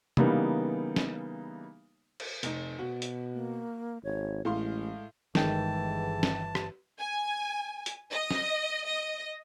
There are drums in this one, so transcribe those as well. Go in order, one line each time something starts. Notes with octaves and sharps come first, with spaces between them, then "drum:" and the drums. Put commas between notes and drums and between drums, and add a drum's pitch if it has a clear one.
C#3 E3 G3 A#3 B3 D#4, drum: tom
drum: snare
drum: cymbal
F1 D#4, drum: hi-hat
B2 F#4
drum: hi-hat
A#3
G#1 C#5
A1 A2 G#3 F5 C6
G1 D#3 E3 G#3 G5 A5, drum: snare
drum: snare
drum: rim click
G#5
drum: hi-hat
D#5
drum: snare
D#5